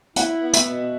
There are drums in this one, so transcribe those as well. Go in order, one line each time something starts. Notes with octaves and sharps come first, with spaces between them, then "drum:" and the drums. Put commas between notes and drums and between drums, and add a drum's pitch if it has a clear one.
E4 F#5, drum: hi-hat
B3
E5, drum: hi-hat
B2